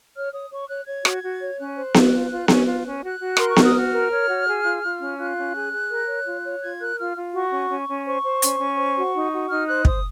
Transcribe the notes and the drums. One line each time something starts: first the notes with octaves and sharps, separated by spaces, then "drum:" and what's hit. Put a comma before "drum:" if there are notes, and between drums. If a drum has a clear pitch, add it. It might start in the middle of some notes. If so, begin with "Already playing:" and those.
C#5 F6
C#5 D#6
C#5 C#6
C#5 F#6
C#5 G#6
F#4, drum: rim click
F#4
C#5
C#4 F#6
C5
F4, drum: snare B3
F4
F4
C#4, drum: snare B3
F4
C#4
F#4 F#6
F#4
A#4 C6, drum: rim click
C#6
F#4, drum: snare B3
D#6
F#4 F6
A#4
C#5
F#4
G#4
F4
F4
C#4
F4 F#6
C#4
G#4
G#4
A#4
C#5
F4
C#5
F4 G#6
A#4 F#6
F4 F6
F4
F#4 C#6
C#4
C#4
C#4
C5 C#6
C5
C#4, drum: hi-hat
C#4
C5
F#4
D#4
F#4
D#4 F6
C5 F#6
C5 D#6, drum: kick